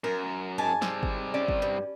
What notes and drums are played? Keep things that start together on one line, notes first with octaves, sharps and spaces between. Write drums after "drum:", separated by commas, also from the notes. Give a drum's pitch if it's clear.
F#2 A#4
G#2 G#5 A5
G3 C4, drum: snare
drum: kick G1
C#4 D5
drum: kick G1
G2